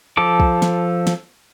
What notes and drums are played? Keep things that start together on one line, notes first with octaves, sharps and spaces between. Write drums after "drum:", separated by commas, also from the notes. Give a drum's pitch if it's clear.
F3 A4 D6
drum: kick
drum: snare
drum: snare